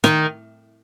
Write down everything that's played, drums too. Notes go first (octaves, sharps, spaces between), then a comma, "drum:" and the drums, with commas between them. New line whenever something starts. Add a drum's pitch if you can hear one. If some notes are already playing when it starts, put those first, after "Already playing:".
D#3, drum: rim click